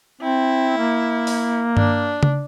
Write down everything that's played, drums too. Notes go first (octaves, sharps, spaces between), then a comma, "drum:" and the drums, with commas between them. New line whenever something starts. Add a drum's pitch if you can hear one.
C4 E4
A#3
drum: open hi-hat
D4, drum: tom G2
drum: tom C#3